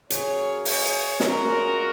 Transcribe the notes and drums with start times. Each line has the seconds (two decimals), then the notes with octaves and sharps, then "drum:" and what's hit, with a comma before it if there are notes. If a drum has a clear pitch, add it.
0.10 F#3 A#3 C#4 G#4 C#5, drum: hi-hat
0.65 G#4 C#5, drum: open hi-hat
1.20 A#2 G#3 C#4 F#4 A#4, drum: snare